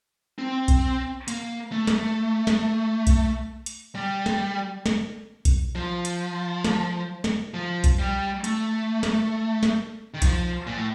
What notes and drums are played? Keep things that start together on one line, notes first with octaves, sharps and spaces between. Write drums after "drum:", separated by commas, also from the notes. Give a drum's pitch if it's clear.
C4
drum: kick B1, hi-hat
A#3, drum: hi-hat
A3
drum: snare
drum: snare
drum: kick B1, hi-hat
drum: hi-hat
G3
drum: snare
drum: snare
drum: kick B1, hi-hat
F3
drum: hi-hat
drum: snare
drum: snare
F3
drum: kick B1, hi-hat
G3
A3, drum: hi-hat
drum: snare
drum: snare
D#3
F3, drum: kick B1, hi-hat
A#2
A2